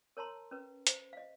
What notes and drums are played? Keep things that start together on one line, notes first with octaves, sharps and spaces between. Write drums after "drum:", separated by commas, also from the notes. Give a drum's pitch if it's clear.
A#4 C#5 A5 A#5 C6
C#4 B4
C5, drum: hi-hat
D#5 F5